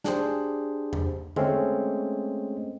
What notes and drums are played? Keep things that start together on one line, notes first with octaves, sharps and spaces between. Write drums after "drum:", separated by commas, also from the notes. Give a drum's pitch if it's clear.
D4 G4 G#4 C5, drum: snare
drum: tom E2
G#3 A3 C4 C#4, drum: tom D3